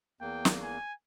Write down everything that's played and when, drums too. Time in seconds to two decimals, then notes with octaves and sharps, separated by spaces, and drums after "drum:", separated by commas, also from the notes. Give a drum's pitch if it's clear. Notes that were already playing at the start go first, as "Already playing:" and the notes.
0.21 E2 A#3 G5
0.45 drum: snare
0.63 G#5